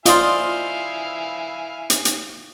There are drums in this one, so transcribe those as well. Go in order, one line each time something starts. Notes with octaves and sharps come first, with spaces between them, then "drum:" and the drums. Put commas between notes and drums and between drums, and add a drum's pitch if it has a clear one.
E4 F4 C5 D5 D#5 F5 G#5, drum: hi-hat
drum: hi-hat
drum: hi-hat